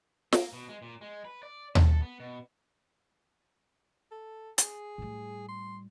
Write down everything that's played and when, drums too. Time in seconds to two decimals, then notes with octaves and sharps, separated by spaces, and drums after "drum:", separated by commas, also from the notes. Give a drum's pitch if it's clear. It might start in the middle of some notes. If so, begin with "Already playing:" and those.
0.32 A#3, drum: snare
0.53 B2
0.69 G#3
0.82 A#2
1.01 G#3
1.25 B4
1.43 D5
1.75 A5, drum: tom D#2
1.88 A4
2.02 B3
2.20 B2
4.11 A4
4.58 G#4, drum: hi-hat
4.98 A2 G3
5.48 C6